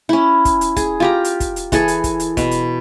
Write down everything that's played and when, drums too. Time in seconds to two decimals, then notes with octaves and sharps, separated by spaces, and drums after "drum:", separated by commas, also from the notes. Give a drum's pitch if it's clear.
0.09 C#4 E4
0.45 drum: kick, hi-hat
0.61 drum: hi-hat
0.77 G#4, drum: kick, hi-hat
1.00 F4 G4 A#5
1.24 drum: hi-hat
1.40 drum: kick, hi-hat
1.56 drum: hi-hat
1.72 E3 G#4 A4 G#5, drum: kick, hi-hat
1.88 drum: hi-hat
2.04 drum: kick, hi-hat
2.20 drum: hi-hat
2.37 B2, drum: kick, hi-hat
2.51 drum: hi-hat